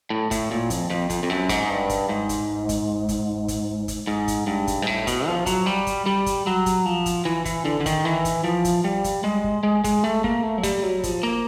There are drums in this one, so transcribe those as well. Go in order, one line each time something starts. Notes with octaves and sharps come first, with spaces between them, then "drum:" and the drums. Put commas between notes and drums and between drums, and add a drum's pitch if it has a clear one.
A2
A2, drum: kick, hi-hat
A#2
F2, drum: kick, hi-hat
F2
F2, drum: kick, hi-hat
F2
F#2
G#2, drum: kick, hi-hat
G2
drum: kick, hi-hat
G#2
drum: kick, hi-hat
drum: kick, hi-hat
drum: kick, hi-hat
drum: kick, hi-hat
drum: kick, hi-hat
G#2
drum: kick, hi-hat
G2
drum: kick, hi-hat
G#2
A2
B2, drum: kick, hi-hat
F3
F#3, drum: kick, hi-hat
G3
drum: kick, hi-hat
G3
drum: kick, hi-hat
F#3
drum: kick, hi-hat
F3
drum: kick, hi-hat
E3
E3, drum: kick, hi-hat
D3
D3
D#3, drum: kick, hi-hat
E3
drum: kick, hi-hat
F3
drum: kick, hi-hat
G3
drum: kick, hi-hat
G#3
drum: kick
G#3
G#3, drum: kick, hi-hat
A3
A#3, drum: kick
A3
F#3
G3, drum: kick, hi-hat
F#3
F3, drum: kick, hi-hat
A#3